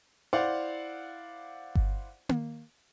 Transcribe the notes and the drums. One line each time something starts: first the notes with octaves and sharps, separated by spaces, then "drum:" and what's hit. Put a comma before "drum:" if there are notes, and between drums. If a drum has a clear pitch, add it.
E4 C5 D5 F5 F#5
drum: kick G1
drum: tom A#3